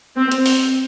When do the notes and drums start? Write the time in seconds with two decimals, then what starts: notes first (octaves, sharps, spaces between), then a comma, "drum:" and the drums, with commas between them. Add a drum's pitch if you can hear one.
0.17 C4
0.32 drum: hi-hat
0.46 drum: open hi-hat